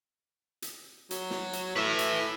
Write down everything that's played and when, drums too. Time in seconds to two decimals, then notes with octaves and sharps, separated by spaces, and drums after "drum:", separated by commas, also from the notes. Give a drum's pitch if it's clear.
0.62 drum: hi-hat
1.11 F#3, drum: hi-hat
1.30 drum: snare
1.53 drum: hi-hat
1.76 A2 B4 E5
1.99 drum: hi-hat